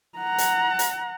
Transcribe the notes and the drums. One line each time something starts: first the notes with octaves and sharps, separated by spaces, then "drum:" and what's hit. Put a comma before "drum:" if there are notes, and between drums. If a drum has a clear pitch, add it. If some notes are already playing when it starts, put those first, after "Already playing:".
F#5 A#5
drum: hi-hat
drum: hi-hat